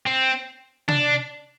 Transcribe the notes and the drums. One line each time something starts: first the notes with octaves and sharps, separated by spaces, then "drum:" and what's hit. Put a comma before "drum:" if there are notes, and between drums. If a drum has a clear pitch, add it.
C4
D4, drum: tom C3